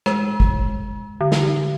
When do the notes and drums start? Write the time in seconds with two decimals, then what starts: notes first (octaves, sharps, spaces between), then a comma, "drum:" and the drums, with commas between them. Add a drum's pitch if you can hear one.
0.06 G#3, drum: rim click
0.40 drum: kick
1.21 D3
1.32 drum: snare